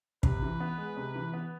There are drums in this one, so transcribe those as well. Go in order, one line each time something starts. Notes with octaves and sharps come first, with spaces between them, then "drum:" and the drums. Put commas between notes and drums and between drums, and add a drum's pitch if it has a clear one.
C3 B4, drum: kick
E3
B3
G#3
C3
E3
B3